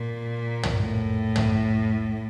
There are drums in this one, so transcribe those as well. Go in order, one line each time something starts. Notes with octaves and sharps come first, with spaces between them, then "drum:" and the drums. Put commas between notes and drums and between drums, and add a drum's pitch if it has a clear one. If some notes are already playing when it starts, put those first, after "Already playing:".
Already playing: A#2
drum: tom
A2
drum: tom